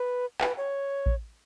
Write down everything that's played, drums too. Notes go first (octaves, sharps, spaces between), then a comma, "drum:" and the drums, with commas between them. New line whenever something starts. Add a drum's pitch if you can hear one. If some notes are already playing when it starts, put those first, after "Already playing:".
Already playing: B4
B4, drum: clap
C#5
drum: kick A1